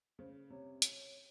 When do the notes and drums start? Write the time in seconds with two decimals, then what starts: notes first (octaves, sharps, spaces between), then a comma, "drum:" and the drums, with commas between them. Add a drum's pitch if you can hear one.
0.19 C#3 C5
0.50 C3 C#5
0.82 drum: hi-hat